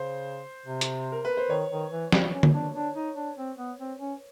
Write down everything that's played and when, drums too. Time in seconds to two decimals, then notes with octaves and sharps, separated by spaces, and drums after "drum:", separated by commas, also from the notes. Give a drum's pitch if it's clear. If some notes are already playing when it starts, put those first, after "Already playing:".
Already playing: C#3 C5
0.66 C3
0.81 drum: hi-hat
1.12 A#4
1.25 B4
1.37 C5
1.50 D#3 C#5
1.71 D#3
1.91 E3
2.12 G3, drum: snare
2.34 C#4
2.43 drum: tom
2.53 D4
2.75 D4
2.96 D#4
3.16 D4
3.37 C4
3.58 B3
3.79 C4
3.99 C#4